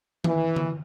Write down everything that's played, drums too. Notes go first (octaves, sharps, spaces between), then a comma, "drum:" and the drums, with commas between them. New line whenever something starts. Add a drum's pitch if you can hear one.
E3, drum: tom D#3
drum: tom D3